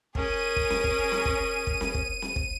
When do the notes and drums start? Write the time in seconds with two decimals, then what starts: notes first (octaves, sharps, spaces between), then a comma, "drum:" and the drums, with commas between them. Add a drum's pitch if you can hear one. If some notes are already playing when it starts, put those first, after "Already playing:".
0.15 C#4 G#4 A#4 D#7, drum: kick
0.56 drum: kick
0.70 drum: snare C4
0.84 drum: kick
1.12 drum: snare C4
1.26 drum: kick
1.67 drum: kick
1.81 drum: snare C4
1.95 drum: kick
2.22 drum: snare C4
2.36 drum: kick